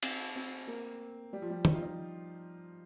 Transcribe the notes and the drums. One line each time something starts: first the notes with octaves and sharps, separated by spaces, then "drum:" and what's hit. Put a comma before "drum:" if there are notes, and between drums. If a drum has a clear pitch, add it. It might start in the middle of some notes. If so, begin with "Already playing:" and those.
C4, drum: cymbal
C4
A#3
G3
F3
G3
D#4, drum: tom
F4
D#4